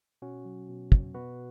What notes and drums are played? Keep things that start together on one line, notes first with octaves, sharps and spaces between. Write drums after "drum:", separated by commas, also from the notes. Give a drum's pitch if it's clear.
B2 C#4 F#4
F#3
B2
F#3, drum: kick
B2 F#4 B4